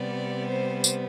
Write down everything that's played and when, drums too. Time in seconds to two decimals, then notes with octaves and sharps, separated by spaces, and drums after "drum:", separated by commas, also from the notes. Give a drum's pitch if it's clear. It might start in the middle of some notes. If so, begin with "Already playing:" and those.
Already playing: C3 G3 B3 D5
0.48 C5
0.84 drum: tambourine